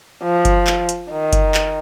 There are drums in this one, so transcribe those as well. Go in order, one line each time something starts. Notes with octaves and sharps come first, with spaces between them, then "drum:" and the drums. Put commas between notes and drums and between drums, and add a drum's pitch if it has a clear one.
F3
drum: kick F#1, hi-hat
drum: clap
drum: hi-hat
D#3
drum: kick F#1, hi-hat
drum: clap